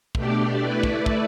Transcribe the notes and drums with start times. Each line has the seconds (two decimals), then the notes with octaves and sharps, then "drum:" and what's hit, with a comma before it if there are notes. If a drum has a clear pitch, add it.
0.15 B2 A3 D4 G4 D5, drum: kick
0.60 A3 E4 B4 D5
0.83 drum: kick
1.06 drum: kick